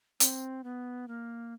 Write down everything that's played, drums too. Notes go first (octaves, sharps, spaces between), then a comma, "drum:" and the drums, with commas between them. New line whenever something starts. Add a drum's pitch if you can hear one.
C4, drum: hi-hat
B3
A#3